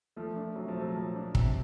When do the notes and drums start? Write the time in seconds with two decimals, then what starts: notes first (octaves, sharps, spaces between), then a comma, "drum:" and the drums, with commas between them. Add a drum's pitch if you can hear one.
0.16 F3 A3
0.36 D4
0.55 C3 F#3
0.68 F3
0.76 F#3 A3
0.95 F3
1.16 D4
1.35 C3, drum: kick